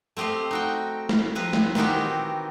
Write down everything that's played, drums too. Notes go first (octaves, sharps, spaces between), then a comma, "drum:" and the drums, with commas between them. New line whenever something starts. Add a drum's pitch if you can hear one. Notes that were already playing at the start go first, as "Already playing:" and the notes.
A3 C4 G4 D#5 F5
D#4 F#4 G5
drum: snare
F3 C4 B4 A#5
drum: snare
D#3 E3 C4 D#4 F#4 G4, drum: snare